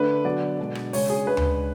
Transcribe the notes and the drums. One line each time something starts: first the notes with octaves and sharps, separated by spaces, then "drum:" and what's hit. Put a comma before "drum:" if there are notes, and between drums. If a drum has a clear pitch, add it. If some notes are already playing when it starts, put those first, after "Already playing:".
Already playing: D3 A3 D4 B4
D3 F#3 B3 D4 D5
B2 G#3 D4
drum: rim click
C#3 G#3 D4 C#5, drum: open hi-hat
G#4
C#3 G#3 D4 B4
drum: tom D2